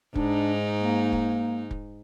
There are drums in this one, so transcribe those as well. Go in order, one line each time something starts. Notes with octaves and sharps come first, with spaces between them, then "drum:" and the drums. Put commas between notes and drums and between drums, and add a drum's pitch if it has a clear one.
G#2 D4 D#4, drum: kick
A#3
drum: kick
drum: kick